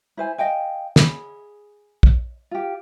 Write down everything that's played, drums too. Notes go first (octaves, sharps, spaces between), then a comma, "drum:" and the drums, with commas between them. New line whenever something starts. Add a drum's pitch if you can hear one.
E4 C5 G#5
D#5 F5 G5 G#5
G#4 B5, drum: snare
drum: kick
F4 G4